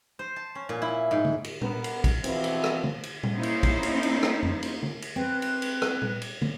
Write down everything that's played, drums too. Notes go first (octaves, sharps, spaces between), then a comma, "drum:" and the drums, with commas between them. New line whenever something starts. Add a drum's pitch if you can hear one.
C5
A5
C#4
A#2
E4
G#2
drum: tom
drum: cymbal
B3 A#4, drum: tom A#2
drum: cymbal
drum: kick, cymbal
B2 E3 F3 C4, drum: cymbal
drum: cymbal
drum: rim click
drum: tom
drum: cymbal
drum: tom A#2
A#3 C#4 D#4 E4 C5
drum: cymbal
drum: kick, cymbal
drum: cymbal
drum: cymbal
drum: rim click
drum: tom F2
drum: cymbal
drum: tom
drum: cymbal
C4 B4
drum: cymbal
drum: cymbal
drum: rim click
drum: tom A#2
drum: cymbal
drum: tom